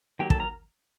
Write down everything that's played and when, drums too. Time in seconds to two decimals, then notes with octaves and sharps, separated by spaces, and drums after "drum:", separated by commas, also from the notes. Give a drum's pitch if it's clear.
0.19 D#3 F#3 A#3 G4 G5
0.30 A4 A5, drum: kick
0.40 A#4 A#5